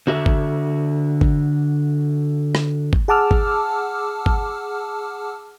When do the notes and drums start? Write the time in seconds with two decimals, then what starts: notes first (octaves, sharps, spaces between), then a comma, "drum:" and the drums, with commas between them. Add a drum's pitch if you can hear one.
0.07 D3 F#4 E5
0.26 drum: kick G1
1.21 drum: kick G1
2.55 drum: rim click
2.93 drum: kick G1
3.08 G#4 F#5 A5 D6 E6 F6
3.31 drum: kick G1
4.26 drum: kick G1